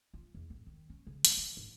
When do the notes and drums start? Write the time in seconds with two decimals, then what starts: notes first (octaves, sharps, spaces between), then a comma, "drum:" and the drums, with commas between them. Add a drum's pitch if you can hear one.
0.14 F4
0.34 E2
0.50 A1
0.66 D#3
0.90 C#4
1.07 C#3
1.25 A3, drum: hi-hat
1.37 E3
1.57 G#2